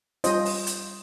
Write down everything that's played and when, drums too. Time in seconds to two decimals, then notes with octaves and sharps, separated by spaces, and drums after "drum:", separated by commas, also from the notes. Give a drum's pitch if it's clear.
0.24 G3 C#4 F4 C5 D#5, drum: hi-hat
0.45 drum: open hi-hat
0.67 drum: hi-hat